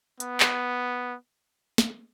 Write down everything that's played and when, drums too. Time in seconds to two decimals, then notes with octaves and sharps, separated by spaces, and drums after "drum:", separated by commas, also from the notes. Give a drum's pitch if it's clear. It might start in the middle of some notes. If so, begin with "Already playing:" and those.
0.20 B3, drum: hi-hat
0.40 drum: clap
1.78 drum: snare